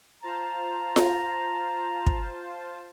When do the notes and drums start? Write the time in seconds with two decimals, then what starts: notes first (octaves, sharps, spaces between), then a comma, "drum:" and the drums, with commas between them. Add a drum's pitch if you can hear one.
0.22 F4 C5 A5 A#5
0.96 drum: snare F4
2.07 drum: kick